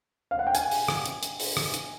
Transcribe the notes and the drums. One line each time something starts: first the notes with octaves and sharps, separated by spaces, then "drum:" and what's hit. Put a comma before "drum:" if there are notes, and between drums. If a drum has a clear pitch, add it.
F5
F#5
G5
G#5, drum: hi-hat
drum: open hi-hat
drum: rim click
drum: hi-hat
drum: hi-hat
drum: open hi-hat
drum: rim click
drum: hi-hat